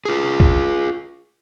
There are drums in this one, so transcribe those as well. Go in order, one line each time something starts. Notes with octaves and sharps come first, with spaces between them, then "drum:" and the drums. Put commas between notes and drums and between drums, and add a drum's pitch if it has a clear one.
F4 G#4
drum: kick